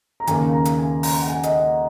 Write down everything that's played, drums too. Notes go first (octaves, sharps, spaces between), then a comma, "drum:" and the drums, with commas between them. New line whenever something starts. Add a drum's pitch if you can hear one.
A#5
D#2 C#3 A#3 G#5, drum: hi-hat
A#5
drum: hi-hat
G#5
A#5, drum: open hi-hat
F#5
G#5
D#5, drum: hi-hat
F#5